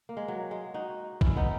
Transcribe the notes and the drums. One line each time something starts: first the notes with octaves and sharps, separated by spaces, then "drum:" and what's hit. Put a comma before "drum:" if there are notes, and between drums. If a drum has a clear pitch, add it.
A#3
G#3
F#3
G#3
D#4 F#4
C#4 E4, drum: kick A#1
B3 D#4